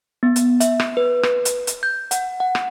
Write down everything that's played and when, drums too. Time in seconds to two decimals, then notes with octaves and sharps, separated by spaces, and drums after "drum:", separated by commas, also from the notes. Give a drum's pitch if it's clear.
0.23 B3
0.36 drum: hi-hat
0.60 E5, drum: hi-hat
0.80 drum: rim click
0.97 B4
1.23 drum: rim click
1.45 drum: hi-hat
1.67 drum: hi-hat
1.83 G6
2.11 F#5, drum: hi-hat
2.40 F#5
2.55 drum: rim click